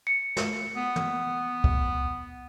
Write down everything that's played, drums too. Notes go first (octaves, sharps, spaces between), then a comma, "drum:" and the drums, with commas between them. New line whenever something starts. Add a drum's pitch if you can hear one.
C#7
drum: snare
B3
drum: tom
drum: kick